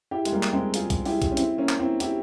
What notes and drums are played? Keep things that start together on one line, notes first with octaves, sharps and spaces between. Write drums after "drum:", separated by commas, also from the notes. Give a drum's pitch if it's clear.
E4 G4
G#3, drum: hi-hat
G3 A#3
drum: clap
G#3 C4
F4 G#4, drum: hi-hat
drum: kick C2, hi-hat
E4 G4, drum: open hi-hat
drum: kick C2, hi-hat
C#4
C4 E4, drum: hi-hat
A#3 C#4
drum: clap
C4 E4
E4 G4, drum: hi-hat